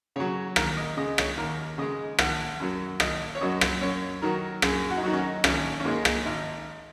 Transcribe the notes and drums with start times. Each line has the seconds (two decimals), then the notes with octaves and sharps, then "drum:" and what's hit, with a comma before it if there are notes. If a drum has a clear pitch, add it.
0.16 C#3 F#3 C#5
0.56 D#2 A#4, drum: rim click
0.77 D#5
0.97 C#3 G#3 D#5
1.18 C#5, drum: rim click
1.37 D#2 A#4
1.78 C#3 G#3 D#5
2.19 G#1 F#5, drum: rim click
2.60 F#2 F#3
3.00 G#1 D#5, drum: rim click
3.35 C#5
3.41 F#2 F#3 D#5
3.61 drum: rim click
3.81 F#2 C#5
4.22 D#3 F#3 A#4
4.62 F#2 G#4, drum: rim click
4.90 F#4
4.97 D#4
5.03 D#3 F#3 F#4
5.13 C#4
5.17 D#4
5.44 G#1 C#4, drum: rim click
5.80 C#4
5.85 G#2 G#3 A#3
6.05 drum: rim click
6.25 G#1 D#4